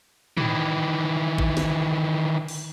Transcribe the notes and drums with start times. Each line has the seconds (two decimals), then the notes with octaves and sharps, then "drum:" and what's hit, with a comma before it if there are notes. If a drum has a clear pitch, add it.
0.37 D#3 E3, drum: tom
1.38 drum: kick
1.57 drum: snare
2.48 drum: cymbal